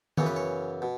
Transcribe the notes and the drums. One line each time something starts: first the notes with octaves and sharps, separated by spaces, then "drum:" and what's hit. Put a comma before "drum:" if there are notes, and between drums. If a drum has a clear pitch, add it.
F#2 C#3 E3 B3 C#5, drum: tom D#3
B4
C#5
B2